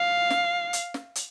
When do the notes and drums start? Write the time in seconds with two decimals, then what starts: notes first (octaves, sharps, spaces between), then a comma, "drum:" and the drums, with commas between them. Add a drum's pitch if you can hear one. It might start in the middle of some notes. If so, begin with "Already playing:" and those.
Already playing: F5
0.30 drum: snare
0.73 drum: hi-hat
0.94 drum: snare
1.15 drum: hi-hat